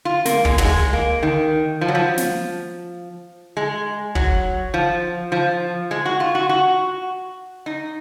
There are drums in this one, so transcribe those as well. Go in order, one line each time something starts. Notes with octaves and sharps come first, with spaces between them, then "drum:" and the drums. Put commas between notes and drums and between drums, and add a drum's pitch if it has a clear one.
F4
A#3, drum: snare
G#3, drum: kick
F#3, drum: tom
G#3
A#3
D#3
F3
F#3
F3
drum: snare
G#3
F#3, drum: kick
F3
F3
G#3
F#4
F4
F#4
F#4
D#4